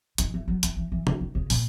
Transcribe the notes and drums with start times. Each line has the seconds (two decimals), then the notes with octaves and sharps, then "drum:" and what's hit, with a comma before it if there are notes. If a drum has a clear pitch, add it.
0.18 D#3, drum: hi-hat
0.34 E3
0.48 F#3
0.63 E3, drum: hi-hat
0.76 E3
0.92 E3
1.07 E3, drum: tom
1.20 D#3
1.35 C#3
1.50 A#2, drum: open hi-hat